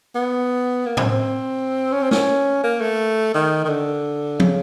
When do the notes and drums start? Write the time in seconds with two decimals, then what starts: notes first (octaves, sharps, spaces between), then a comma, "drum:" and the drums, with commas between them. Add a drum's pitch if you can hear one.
0.15 B3
0.86 A#3
0.97 C4, drum: tom
1.10 C4
1.92 C#4
2.02 C4
2.11 C#4, drum: snare
2.64 A#3
2.81 A3
3.34 D#3
3.65 D#3
3.69 D3
4.40 C#3, drum: tom